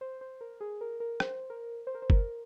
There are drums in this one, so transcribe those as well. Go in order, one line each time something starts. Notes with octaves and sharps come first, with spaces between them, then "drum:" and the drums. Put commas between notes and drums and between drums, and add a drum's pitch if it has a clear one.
C5
C5
A#4
G#4
A#4
A#4
C5, drum: rim click
A#4
C5
A#4
C5
A#4, drum: kick